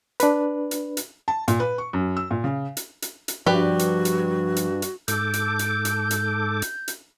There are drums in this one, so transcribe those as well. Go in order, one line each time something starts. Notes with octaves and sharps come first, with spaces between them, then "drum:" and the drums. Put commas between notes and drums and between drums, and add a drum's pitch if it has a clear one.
D4 B4, drum: hi-hat
drum: hi-hat
drum: hi-hat
A5
A#2, drum: hi-hat
B4
C#6
F#2
E6
A#2
C#3
drum: hi-hat
drum: hi-hat
drum: hi-hat
G2 F3 F#4 G4 B4 D5
drum: hi-hat
drum: hi-hat
drum: hi-hat
drum: hi-hat
G#2 A4 D6 G6, drum: hi-hat
drum: hi-hat
drum: hi-hat
drum: hi-hat
drum: hi-hat
drum: hi-hat
drum: hi-hat